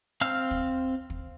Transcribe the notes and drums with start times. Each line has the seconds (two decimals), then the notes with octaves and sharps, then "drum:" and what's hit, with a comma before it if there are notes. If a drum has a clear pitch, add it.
0.21 C4 F5 E6 F6
0.51 drum: kick
1.10 drum: kick